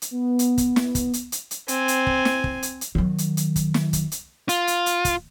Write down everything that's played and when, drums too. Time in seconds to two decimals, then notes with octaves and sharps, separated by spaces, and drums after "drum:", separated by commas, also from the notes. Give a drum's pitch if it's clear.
0.02 drum: hi-hat
0.11 B3
0.39 drum: hi-hat
0.58 drum: kick, hi-hat
0.76 drum: snare
0.95 drum: kick, hi-hat
1.13 drum: hi-hat
1.32 drum: hi-hat
1.51 drum: hi-hat
1.68 C4 G#5, drum: hi-hat
1.88 drum: hi-hat
2.07 drum: kick
2.25 drum: snare
2.44 drum: kick
2.63 drum: hi-hat
2.81 drum: hi-hat
2.95 D#3 F#3
3.18 drum: hi-hat
3.37 drum: hi-hat
3.56 drum: kick, hi-hat
3.74 drum: snare
3.93 drum: kick, hi-hat
4.12 drum: hi-hat
4.49 F4, drum: hi-hat
4.67 drum: hi-hat
4.86 drum: hi-hat
5.05 drum: kick, hi-hat